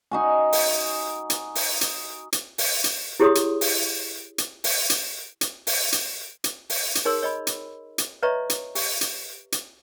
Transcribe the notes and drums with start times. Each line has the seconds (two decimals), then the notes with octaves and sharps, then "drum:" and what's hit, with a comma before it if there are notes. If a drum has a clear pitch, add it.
0.11 D#4 F#4 G#5
0.53 drum: open hi-hat
1.30 drum: hi-hat
1.55 drum: open hi-hat
1.81 drum: hi-hat
2.33 drum: hi-hat
2.58 drum: open hi-hat
2.84 drum: hi-hat
3.20 E4 G4 G#4 C#5 C6 D#6
3.35 drum: hi-hat
3.61 drum: open hi-hat
4.38 drum: hi-hat
4.64 drum: open hi-hat
4.90 drum: hi-hat
5.41 drum: hi-hat
5.67 drum: open hi-hat
5.92 drum: hi-hat
6.44 drum: hi-hat
6.70 drum: open hi-hat
6.95 drum: hi-hat
7.05 D#4 G#4 A#4 C#5 C6 E6
7.23 C#5 D#5 B5
7.47 drum: hi-hat
7.98 drum: hi-hat
8.23 B4 C#5 D#5 E5 A#5 C#6
8.50 drum: hi-hat
8.75 G4, drum: open hi-hat
9.01 drum: hi-hat
9.52 drum: hi-hat